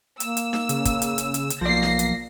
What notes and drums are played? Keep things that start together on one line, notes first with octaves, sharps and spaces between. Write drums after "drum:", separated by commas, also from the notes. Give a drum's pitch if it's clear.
A#3 E6, drum: hi-hat
drum: hi-hat
drum: snare D#4
C#3, drum: hi-hat
drum: kick, hi-hat
drum: hi-hat
drum: hi-hat
drum: hi-hat
drum: hi-hat
B1 F3 A#3 D5 A#6 C7
drum: snare D#4
drum: hi-hat